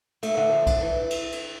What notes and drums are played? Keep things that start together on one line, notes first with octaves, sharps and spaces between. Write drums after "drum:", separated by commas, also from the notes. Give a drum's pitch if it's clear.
A3, drum: cymbal
D3
F3
D4, drum: kick B1, cymbal
E3
drum: cymbal
drum: cymbal